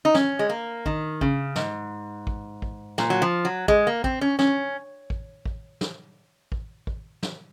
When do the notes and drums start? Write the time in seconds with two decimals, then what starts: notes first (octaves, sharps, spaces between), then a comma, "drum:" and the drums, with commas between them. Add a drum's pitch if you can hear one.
0.05 D#4
0.14 C#4, drum: snare
0.39 G#3
0.49 A#3
0.86 D#3, drum: kick A1
1.21 C#3, drum: kick A1
1.56 G#2, drum: snare
2.27 drum: kick A1
2.62 drum: kick A1
2.98 A#2, drum: snare
3.10 F#3
3.22 F3
3.45 F#3
3.68 G#3, drum: kick A1
3.87 A#3
4.04 C4, drum: kick A1
4.21 C#4
4.39 C#4, drum: snare
5.10 drum: kick A1
5.46 drum: kick A1
5.81 drum: snare
6.52 drum: kick A1
6.87 drum: kick A1
7.23 drum: snare